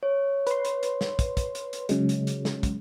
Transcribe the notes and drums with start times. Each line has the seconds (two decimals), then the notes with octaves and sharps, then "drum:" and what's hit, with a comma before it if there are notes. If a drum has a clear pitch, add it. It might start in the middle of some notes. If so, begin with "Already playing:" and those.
0.03 C#5
0.47 B4 C6, drum: hi-hat
0.65 drum: hi-hat
0.83 drum: hi-hat
1.01 drum: snare
1.19 drum: kick, hi-hat
1.37 drum: kick, hi-hat
1.55 drum: hi-hat
1.73 drum: hi-hat
1.89 C#3 F#3 G#3, drum: hi-hat
2.09 drum: hi-hat
2.27 drum: hi-hat
2.45 drum: snare
2.63 drum: kick, hi-hat